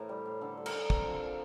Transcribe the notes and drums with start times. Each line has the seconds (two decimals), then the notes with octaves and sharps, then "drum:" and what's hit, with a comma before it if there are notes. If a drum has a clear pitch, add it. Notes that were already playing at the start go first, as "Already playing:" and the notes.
Already playing: A2 E3 A#4 C5
0.09 G3
0.26 A2
0.41 D3 A4
0.57 G3
0.66 A#4, drum: cymbal
0.74 D3
0.90 C4 A4, drum: kick
1.06 F3
1.14 A#4
1.22 A#2